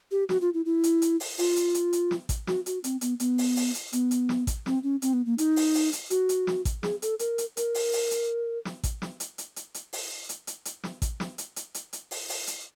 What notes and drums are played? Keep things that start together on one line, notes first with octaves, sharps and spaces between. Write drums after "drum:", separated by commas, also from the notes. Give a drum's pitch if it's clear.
G4
F#4, drum: snare
F4
E4
E4
drum: hi-hat
drum: hi-hat
drum: open hi-hat
F4, drum: open hi-hat
drum: hi-hat
drum: hi-hat
drum: hi-hat
drum: snare
drum: kick A1, hi-hat
F#4, drum: snare
F#4, drum: hi-hat
C4, drum: hi-hat
B3, drum: hi-hat
B3, drum: hi-hat
drum: open hi-hat
drum: open hi-hat
drum: hi-hat
B3, drum: hi-hat
drum: hi-hat
drum: snare
drum: kick A1, hi-hat
C4, drum: snare
C#4
C4, drum: hi-hat
B3
A#3
D#4, drum: hi-hat
drum: open hi-hat
drum: open hi-hat
drum: hi-hat
F#4, drum: hi-hat
drum: hi-hat
drum: snare
drum: kick A1, hi-hat
G#4, drum: snare
A4, drum: hi-hat
A#4, drum: hi-hat
drum: hi-hat
A#4, drum: hi-hat
drum: open hi-hat
drum: open hi-hat
drum: hi-hat
drum: snare
drum: kick A1, hi-hat
drum: snare
drum: hi-hat
drum: hi-hat
drum: hi-hat
drum: hi-hat
drum: open hi-hat
drum: hi-hat
drum: hi-hat
drum: hi-hat
drum: snare
drum: kick A1, hi-hat
drum: snare
drum: hi-hat
drum: hi-hat
drum: hi-hat
drum: hi-hat
drum: open hi-hat
drum: open hi-hat
drum: hi-hat